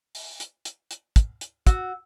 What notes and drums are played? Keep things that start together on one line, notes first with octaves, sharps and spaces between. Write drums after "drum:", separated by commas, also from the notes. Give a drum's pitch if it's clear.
drum: open hi-hat
drum: hi-hat
drum: hi-hat
drum: hi-hat
drum: kick, hi-hat
drum: hi-hat
F#4 E6, drum: kick, hi-hat